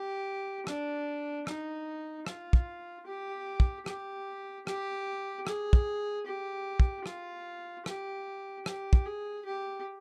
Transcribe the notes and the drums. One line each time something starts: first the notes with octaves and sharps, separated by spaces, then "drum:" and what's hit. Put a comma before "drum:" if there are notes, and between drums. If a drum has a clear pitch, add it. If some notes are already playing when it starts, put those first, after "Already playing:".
Already playing: G4
D4, drum: rim click
D#4, drum: rim click
F4, drum: rim click
drum: kick
G4
drum: kick
G4, drum: rim click
G4, drum: rim click
G#4, drum: rim click
drum: kick
G4
drum: kick
F4, drum: rim click
G4, drum: rim click
G4, drum: rim click
drum: kick
G#4
G4